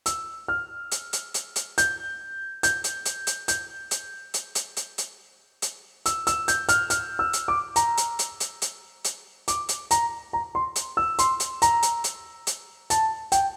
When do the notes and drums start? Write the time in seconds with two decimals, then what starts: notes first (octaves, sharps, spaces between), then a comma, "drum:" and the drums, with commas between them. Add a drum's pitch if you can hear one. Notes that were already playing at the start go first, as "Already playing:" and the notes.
0.06 E6, drum: hi-hat
0.48 F6
0.92 drum: hi-hat
1.13 drum: hi-hat
1.34 drum: hi-hat
1.56 drum: hi-hat
1.78 G6, drum: hi-hat
2.63 G6, drum: hi-hat
2.84 drum: hi-hat
3.06 drum: hi-hat
3.27 drum: hi-hat
3.48 G6, drum: hi-hat
3.91 drum: hi-hat
4.34 drum: hi-hat
4.55 drum: hi-hat
4.77 drum: hi-hat
4.98 drum: hi-hat
5.62 drum: hi-hat
6.06 E6, drum: hi-hat
6.27 E6, drum: hi-hat
6.48 G6, drum: hi-hat
6.69 F6, drum: hi-hat
6.90 F6, drum: hi-hat
7.19 E6
7.33 drum: hi-hat
7.48 D6
7.76 A#5, drum: hi-hat
7.98 drum: hi-hat
8.19 drum: hi-hat
8.40 drum: hi-hat
8.62 drum: hi-hat
9.05 drum: hi-hat
9.48 D6, drum: hi-hat
9.69 drum: hi-hat
9.91 A#5, drum: hi-hat
10.33 A#5
10.55 C6
10.76 drum: hi-hat
10.97 E6
11.19 C6, drum: hi-hat
11.40 drum: hi-hat
11.62 A#5, drum: hi-hat
11.83 drum: hi-hat
12.04 drum: hi-hat
12.47 drum: hi-hat
12.90 A5, drum: hi-hat
13.32 G5, drum: hi-hat